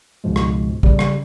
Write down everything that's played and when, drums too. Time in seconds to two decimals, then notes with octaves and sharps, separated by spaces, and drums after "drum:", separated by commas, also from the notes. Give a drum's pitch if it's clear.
0.24 C#2 G#2 B2 F3 G#3
0.36 drum: rim click
0.83 C#3 G3, drum: kick
0.99 drum: rim click